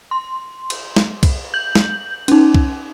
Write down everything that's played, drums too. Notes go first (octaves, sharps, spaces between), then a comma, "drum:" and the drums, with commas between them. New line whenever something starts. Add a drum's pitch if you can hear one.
C6
drum: cymbal
drum: snare
drum: kick C2, cymbal
G6 F#7
drum: snare
C#4 D#4, drum: cymbal
drum: kick C2